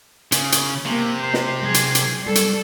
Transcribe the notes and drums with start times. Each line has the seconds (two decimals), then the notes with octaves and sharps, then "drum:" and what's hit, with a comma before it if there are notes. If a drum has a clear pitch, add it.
0.32 C#3, drum: hi-hat
0.52 drum: hi-hat
0.86 C3 A#3
1.20 C5
1.34 drum: snare
1.63 F#3 G#4
1.74 drum: hi-hat
1.95 drum: hi-hat
2.22 G3 A4
2.35 drum: hi-hat